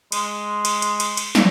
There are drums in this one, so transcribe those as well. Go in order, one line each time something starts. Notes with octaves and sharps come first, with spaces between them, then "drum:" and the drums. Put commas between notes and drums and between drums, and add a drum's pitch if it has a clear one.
G#3, drum: cymbal
drum: cymbal
drum: cymbal
drum: cymbal
drum: cymbal
drum: snare